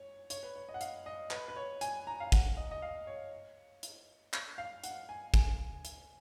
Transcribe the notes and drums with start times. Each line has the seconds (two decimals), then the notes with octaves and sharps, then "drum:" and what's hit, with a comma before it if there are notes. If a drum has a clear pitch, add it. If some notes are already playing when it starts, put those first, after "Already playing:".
Already playing: C#5
0.30 C#5, drum: hi-hat
0.43 B4
0.56 C#5
0.69 D#5
0.74 F#5
0.81 F5, drum: hi-hat
1.06 D#5
1.31 B4, drum: clap
1.48 B4
1.56 C#5
1.81 G#5, drum: hi-hat
2.07 A#5
2.20 F5
2.32 F#5, drum: kick, hi-hat
2.57 D#5
2.71 D#5
2.82 F5
3.07 C#5
3.83 drum: hi-hat
4.33 drum: clap
4.58 F5
4.84 F#5, drum: hi-hat
5.09 G#5
5.34 G#5, drum: kick, hi-hat
5.85 drum: hi-hat